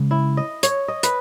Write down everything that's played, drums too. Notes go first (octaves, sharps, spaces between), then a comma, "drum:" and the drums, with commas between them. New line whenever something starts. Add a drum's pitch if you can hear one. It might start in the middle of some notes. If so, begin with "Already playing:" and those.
Already playing: C#3 G#3 C#4
E4
D#5
C#5, drum: hi-hat
D#5
B4, drum: hi-hat